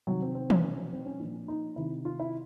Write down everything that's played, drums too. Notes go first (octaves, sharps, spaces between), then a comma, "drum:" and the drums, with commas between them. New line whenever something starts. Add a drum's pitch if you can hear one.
C3 D#3 F#3
C4
C4
C#4, drum: tom
B2
C4
C#4
A#2 F3 D4
D#4
C3 D#3 E4
F4
E4